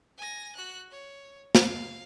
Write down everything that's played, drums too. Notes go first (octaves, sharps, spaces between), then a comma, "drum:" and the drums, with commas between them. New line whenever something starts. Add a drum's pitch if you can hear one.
G#5 A#6
F#4 F#6
C#5
F5, drum: snare